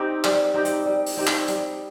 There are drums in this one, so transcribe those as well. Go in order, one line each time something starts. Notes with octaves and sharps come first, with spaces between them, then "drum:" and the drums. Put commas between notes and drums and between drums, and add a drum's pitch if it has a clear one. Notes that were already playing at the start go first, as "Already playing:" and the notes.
Already playing: C4 D#4 G4
G3, drum: clap
C4 D#4 G4
drum: hi-hat
G3
drum: open hi-hat
C4 D#4 G4
drum: clap
G3, drum: hi-hat